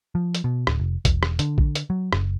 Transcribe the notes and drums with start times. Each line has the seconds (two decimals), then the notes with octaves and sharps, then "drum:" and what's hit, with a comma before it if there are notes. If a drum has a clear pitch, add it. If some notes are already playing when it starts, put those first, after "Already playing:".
0.15 F3
0.35 drum: hi-hat
0.44 B2
0.67 D1, drum: rim click
0.80 F1
1.05 E1, drum: kick A#1, hi-hat
1.23 drum: rim click
1.39 D3, drum: hi-hat
1.58 drum: kick A#1
1.75 drum: hi-hat
1.90 F#3
2.13 F#1, drum: rim click